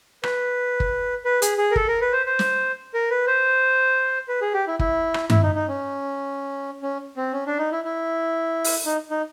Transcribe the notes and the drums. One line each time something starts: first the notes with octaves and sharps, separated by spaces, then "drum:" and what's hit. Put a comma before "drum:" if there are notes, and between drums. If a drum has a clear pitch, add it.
B4, drum: rim click
drum: kick
B4
G#4, drum: hi-hat
G#4
A#4
A4, drum: kick
A#4
B4
C5
C5
drum: snare
A#4
B4
C5
B4
G#4
G4
E4
E4, drum: kick
drum: rim click
E4, drum: tom G2
D#4
D#4
C#4
C#4
C4
C#4
D4
D#4
E4
E4
drum: open hi-hat
D#4
D#4